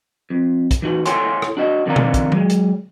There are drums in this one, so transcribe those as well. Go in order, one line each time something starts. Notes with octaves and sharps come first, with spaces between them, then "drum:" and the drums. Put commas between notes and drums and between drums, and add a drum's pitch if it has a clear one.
F2
drum: kick, hi-hat
E3 D#4 F#4
E4 A4 C#5 F#5 G#5 C6, drum: hi-hat
drum: rim click
D4 F#4 D#5
F2 D3 D#3 D5 F5 A#5
drum: tom B2
drum: kick, hi-hat
F#3 G#3, drum: tom D#3
drum: hi-hat